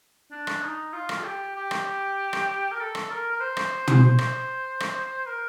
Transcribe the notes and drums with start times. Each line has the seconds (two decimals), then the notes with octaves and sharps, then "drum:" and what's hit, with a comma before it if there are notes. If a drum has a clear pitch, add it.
0.31 D4
0.47 drum: rim click
0.63 D#4
0.93 F4
1.09 drum: rim click
1.20 A4
1.25 G4
1.56 G4
1.71 drum: rim click
2.33 drum: rim click
2.72 A#4
2.80 A4
2.95 drum: rim click
3.11 A#4
3.31 A#4
3.40 C5
3.57 drum: rim click
3.88 drum: tom
4.04 C5
4.18 drum: rim click
4.80 drum: rim click
5.26 A#4